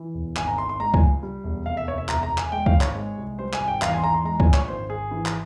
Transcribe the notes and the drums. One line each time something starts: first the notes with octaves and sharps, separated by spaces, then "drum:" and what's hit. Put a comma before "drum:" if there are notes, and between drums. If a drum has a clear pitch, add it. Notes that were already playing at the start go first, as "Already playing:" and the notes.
Already playing: E3
E1
G#1 G#5, drum: clap
A#5
G#1 C6
C6
G#3 A#5
G#5, drum: kick C#2
C#2
G3
E1
F1 F5
E5
F1 C#5
E5
E1 A#5, drum: clap
A#5
E1
G#5, drum: clap
G#3 G5
F5, drum: kick C#2
G#1
C#5, drum: clap
G#3
C2
G3 C5
G#5, drum: clap
G#1
G5
E2 F5, drum: clap
G#5
C6
E2 A#5
C6
G#3 A#5
G#5, drum: kick C#2
A#1
C#5, drum: clap
G#1 C5
G#1 G#4
E3
drum: clap